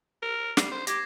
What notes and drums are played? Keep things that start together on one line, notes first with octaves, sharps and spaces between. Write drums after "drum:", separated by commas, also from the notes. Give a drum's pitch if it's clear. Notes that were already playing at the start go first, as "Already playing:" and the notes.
A#4
G3 C7, drum: snare
C5
G4 D6 G#6 A#6, drum: hi-hat